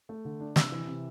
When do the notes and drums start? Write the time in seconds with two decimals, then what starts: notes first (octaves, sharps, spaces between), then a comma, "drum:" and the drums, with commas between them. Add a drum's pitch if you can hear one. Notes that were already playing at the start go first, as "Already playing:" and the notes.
0.09 A3
0.25 D3
0.40 D4
0.56 C3 E6, drum: snare
0.72 E3
0.87 C3